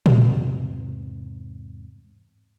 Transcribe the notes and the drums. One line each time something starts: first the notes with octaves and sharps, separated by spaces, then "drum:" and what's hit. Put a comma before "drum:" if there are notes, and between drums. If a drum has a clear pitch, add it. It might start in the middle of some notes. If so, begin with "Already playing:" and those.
E2 G#2 C3, drum: tom A#2